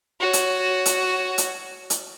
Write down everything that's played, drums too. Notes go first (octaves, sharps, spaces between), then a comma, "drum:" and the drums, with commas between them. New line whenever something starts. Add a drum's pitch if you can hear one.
F#4 C#5
drum: hi-hat
drum: hi-hat
drum: hi-hat
drum: hi-hat